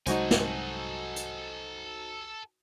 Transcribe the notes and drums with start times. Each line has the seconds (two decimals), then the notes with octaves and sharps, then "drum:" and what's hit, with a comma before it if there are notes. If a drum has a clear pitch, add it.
0.06 C2 F#3 G#3 D#4 F#4 A4 C5 G#5, drum: hi-hat
0.31 drum: snare
1.16 drum: hi-hat